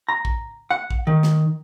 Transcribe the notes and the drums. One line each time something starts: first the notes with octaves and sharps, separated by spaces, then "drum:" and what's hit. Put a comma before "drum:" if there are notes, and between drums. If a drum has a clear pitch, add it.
A#5
drum: kick
F#5
drum: kick
D#3
drum: snare